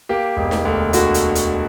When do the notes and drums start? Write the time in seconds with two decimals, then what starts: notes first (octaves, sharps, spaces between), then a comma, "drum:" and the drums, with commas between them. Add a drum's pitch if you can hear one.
0.09 A#3 G4
0.37 E1
0.51 drum: snare
0.65 D2
0.93 D3 F#4, drum: hi-hat
1.14 drum: hi-hat
1.35 drum: hi-hat